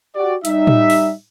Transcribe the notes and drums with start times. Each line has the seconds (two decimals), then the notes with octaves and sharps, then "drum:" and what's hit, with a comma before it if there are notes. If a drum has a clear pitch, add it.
0.16 F#4 G4 D5
0.45 G3 D#4 E5, drum: hi-hat
0.67 drum: tom
0.90 drum: open hi-hat